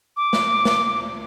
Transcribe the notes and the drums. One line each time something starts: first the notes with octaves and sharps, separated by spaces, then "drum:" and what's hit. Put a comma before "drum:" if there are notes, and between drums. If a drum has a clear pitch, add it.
D6
drum: snare
drum: snare